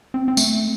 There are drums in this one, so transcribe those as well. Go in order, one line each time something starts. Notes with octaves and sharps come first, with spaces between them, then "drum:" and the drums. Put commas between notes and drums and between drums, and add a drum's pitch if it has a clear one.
C4
C4
A3, drum: tambourine